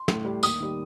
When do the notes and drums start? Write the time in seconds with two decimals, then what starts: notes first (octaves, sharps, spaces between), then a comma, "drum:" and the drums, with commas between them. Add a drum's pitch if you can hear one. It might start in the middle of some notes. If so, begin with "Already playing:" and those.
Already playing: C6
0.08 A2, drum: snare
0.25 G3
0.43 D#2 D#6, drum: tambourine
0.60 D#3 G3